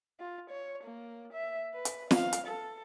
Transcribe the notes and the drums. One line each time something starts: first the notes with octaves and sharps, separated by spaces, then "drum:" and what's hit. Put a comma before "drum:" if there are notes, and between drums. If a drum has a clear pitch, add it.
F4
C#5
A#3
E5
B4
drum: hi-hat
F5, drum: snare
drum: hi-hat
A4